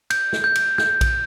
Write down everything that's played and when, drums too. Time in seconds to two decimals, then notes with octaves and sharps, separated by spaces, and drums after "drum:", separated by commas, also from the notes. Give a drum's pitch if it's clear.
0.10 G6, drum: cymbal
0.33 drum: snare
0.44 G6
0.55 drum: cymbal
0.78 G6, drum: snare
1.01 drum: kick A#1, cymbal